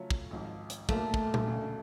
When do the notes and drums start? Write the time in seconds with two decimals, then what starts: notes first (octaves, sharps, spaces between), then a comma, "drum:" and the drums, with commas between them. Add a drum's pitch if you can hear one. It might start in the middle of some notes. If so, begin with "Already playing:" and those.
Already playing: C#3 F#3 A3 C#4 F4
0.10 drum: kick
0.31 G#1 G#2 F3
0.70 drum: hi-hat
0.89 B1 A#2 F#3 A3 A#3, drum: kick
1.14 drum: kick
1.34 drum: tom A#2
1.47 E1 D2 C#3